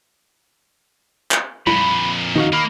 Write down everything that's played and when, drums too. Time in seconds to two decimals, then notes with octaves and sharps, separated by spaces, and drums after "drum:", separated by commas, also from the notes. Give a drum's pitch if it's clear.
1.31 drum: clap
1.67 F2 A#2 B5, drum: tom
2.36 D#4 F#4 F5, drum: tom D#3
2.53 A#3 D#4 B5 F6